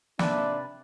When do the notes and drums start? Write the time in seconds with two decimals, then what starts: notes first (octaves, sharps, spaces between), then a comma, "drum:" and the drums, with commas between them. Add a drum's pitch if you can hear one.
0.19 G#2 C3 A#3 D4 B4 D5 E5 A5, drum: snare